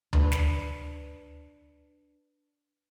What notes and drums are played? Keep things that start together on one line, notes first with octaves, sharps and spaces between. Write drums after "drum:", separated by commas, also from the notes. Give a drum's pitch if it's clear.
D4 B4, drum: tom D2
drum: snare